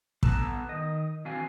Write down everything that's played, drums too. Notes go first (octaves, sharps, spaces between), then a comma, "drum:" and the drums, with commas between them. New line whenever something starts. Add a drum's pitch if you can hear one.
B3 A4 B4 A5 A#5, drum: kick
D#3 D#5
E3 C4 D4 F#4 F5 G#5